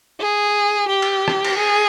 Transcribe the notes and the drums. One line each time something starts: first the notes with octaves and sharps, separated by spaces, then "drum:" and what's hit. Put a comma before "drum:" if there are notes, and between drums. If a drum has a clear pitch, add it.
G#4
G4
drum: cymbal
drum: rim click
drum: cymbal
G#4